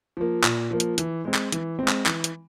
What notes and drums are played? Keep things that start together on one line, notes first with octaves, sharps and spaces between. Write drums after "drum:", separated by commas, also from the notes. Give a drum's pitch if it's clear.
F3 A#3
A#2, drum: clap
F3 A#3
drum: hi-hat
E3, drum: hi-hat
G#3 C4
drum: clap
E3, drum: hi-hat
G#3 C4
drum: clap
E3, drum: clap
drum: hi-hat